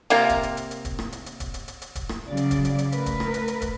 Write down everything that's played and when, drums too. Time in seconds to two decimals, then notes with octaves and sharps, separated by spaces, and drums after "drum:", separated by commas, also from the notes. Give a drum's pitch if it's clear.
0.10 C3 A#3 F4 A#4
0.29 drum: kick, hi-hat
0.43 drum: hi-hat
0.57 drum: hi-hat
0.71 drum: hi-hat
0.85 drum: kick, hi-hat
0.99 drum: rim click
1.12 drum: hi-hat
1.26 drum: hi-hat
1.40 drum: kick, hi-hat
1.54 drum: hi-hat
1.68 drum: hi-hat
1.82 drum: hi-hat
1.95 drum: kick, hi-hat
2.09 drum: rim click
2.28 C#3 F#3 D5
2.37 drum: hi-hat
2.51 drum: kick, hi-hat
2.65 drum: hi-hat
2.78 drum: hi-hat
2.92 A3 A#4 B4, drum: hi-hat
3.06 drum: kick, hi-hat
3.20 drum: rim click
3.34 drum: hi-hat
3.48 drum: hi-hat
3.62 drum: kick, hi-hat